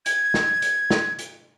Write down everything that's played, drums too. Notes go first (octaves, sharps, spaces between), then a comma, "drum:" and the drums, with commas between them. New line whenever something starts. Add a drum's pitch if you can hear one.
G#6, drum: hi-hat
drum: snare
drum: hi-hat
drum: snare
drum: hi-hat